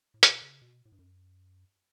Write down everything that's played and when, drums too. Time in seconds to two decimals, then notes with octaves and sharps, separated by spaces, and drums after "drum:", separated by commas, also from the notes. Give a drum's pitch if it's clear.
0.14 A2
0.23 B2, drum: hi-hat
0.42 C#3
0.62 B2
0.85 A2
0.92 G2
0.99 F#2